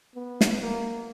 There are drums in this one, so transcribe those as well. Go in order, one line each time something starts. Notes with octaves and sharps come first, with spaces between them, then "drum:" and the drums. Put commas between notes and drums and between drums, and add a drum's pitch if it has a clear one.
B3
drum: snare
A#3